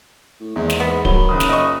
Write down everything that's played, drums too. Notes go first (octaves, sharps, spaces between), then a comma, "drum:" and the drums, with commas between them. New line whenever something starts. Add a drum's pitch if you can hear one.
A2
E2 G#2 A#3
drum: snare
B3
D#3 F#3 C#5 B5 G7, drum: kick D1
F#1 D#6
drum: snare
A#2 D#5 C#6